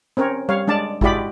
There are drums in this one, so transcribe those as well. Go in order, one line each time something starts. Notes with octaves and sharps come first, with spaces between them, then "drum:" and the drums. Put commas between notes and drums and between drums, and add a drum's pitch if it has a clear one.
C4 C#4 A#4 C#5
G3 C#5 F5
G#3 D4 D5 A5
G#3 E4 F#4 G4 D5 B5, drum: kick G#1